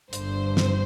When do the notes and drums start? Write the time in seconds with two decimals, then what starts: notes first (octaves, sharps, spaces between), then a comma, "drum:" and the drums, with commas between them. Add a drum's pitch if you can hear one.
0.13 G1 G2 D3 C5, drum: hi-hat
0.57 drum: snare